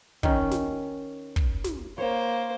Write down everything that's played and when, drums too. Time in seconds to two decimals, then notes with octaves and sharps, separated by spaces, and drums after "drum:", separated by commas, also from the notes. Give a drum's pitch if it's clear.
0.23 D#3 C#4, drum: kick
0.51 drum: snare
1.36 drum: kick
1.64 drum: snare
1.98 A#3 C5 C#5